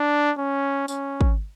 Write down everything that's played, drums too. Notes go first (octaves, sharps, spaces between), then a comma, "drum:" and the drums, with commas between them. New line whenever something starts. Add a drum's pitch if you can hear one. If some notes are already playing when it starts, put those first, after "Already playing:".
Already playing: D4
C#4
C#4, drum: tambourine
drum: kick